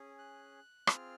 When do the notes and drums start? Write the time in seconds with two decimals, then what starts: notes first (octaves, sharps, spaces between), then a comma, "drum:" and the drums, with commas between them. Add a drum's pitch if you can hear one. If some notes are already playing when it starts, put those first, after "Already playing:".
Already playing: C#4 G#4
0.19 F#6
0.87 C4 F4 G#4 F6, drum: rim click